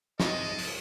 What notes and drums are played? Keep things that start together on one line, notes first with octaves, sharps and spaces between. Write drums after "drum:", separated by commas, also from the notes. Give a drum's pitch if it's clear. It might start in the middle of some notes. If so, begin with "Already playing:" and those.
C3 E3 G#3 A4 D#5, drum: snare
drum: open hi-hat